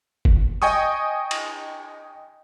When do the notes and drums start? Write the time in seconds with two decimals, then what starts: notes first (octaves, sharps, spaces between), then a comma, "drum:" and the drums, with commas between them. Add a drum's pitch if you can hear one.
0.25 drum: kick G1
0.62 D#5 G5 G#5 C#6 D#6
1.31 drum: cymbal